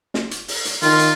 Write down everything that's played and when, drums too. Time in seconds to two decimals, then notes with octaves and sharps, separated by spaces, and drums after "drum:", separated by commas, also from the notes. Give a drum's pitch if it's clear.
0.14 drum: snare
0.31 drum: hi-hat
0.48 drum: open hi-hat
0.65 drum: hi-hat
0.82 D#3 F4, drum: open hi-hat
0.99 drum: hi-hat